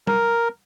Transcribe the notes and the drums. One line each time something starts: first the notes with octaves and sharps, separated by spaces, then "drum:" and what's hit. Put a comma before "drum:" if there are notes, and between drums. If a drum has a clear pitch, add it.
A#4, drum: tom G3